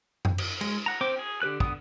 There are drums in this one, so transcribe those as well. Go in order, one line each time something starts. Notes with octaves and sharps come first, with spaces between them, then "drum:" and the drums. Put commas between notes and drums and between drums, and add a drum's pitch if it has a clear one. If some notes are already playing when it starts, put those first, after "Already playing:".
drum: tom F#2
drum: cymbal
G#3, drum: cymbal
F#5 A#5
C4 C5 G5 D6
G#4
D3 G4 B4 F#6
D3 B3 D#6, drum: kick